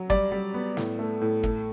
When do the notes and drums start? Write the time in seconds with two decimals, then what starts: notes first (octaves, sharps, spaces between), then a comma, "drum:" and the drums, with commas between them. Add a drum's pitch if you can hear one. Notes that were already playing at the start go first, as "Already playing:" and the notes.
Already playing: F#3
0.10 G3 D5, drum: kick
0.32 G3
0.54 B3
0.77 A2, drum: snare
0.99 A3
1.21 A2
1.43 A3, drum: kick